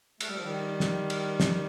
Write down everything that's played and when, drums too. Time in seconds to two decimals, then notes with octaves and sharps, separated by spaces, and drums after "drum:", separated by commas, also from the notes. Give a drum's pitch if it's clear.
0.21 A3, drum: cymbal
0.29 G3
0.36 F3
0.42 D#3 G3
0.80 drum: snare
1.10 drum: cymbal
1.40 drum: snare